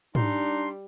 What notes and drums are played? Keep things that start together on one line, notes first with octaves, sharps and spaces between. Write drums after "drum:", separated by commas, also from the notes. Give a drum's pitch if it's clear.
G3 D4 D#4 C6, drum: tom G#2